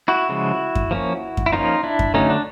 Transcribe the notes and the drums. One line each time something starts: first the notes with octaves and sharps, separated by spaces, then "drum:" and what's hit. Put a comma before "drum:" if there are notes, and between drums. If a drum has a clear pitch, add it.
E4 F#4
C#3 F3 G#3
drum: kick F#2
F3 A#3 C#4
drum: kick F#2
E4
F3 A#3 C#4 D#4 F4
D4 E4
drum: kick F#2
D3 F#3 A3 C#4 D#4
D4